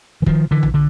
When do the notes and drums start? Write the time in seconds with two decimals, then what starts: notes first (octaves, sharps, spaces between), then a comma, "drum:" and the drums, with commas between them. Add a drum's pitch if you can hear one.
0.22 E3
0.26 D#3 F3, drum: kick
0.51 D3 E3
0.63 drum: tom A#1
0.74 D3